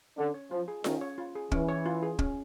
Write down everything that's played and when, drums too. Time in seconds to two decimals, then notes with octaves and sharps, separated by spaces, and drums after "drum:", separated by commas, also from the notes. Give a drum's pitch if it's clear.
0.18 D3 C#4
0.34 C#5
0.51 F3 F4
0.68 G#4
0.84 D#3 C#4, drum: snare F4
1.01 C#5
1.18 F4
1.35 G#4
1.51 E3 C#4, drum: kick
1.69 C#5
1.86 F4
2.03 G#4
2.19 C#4, drum: kick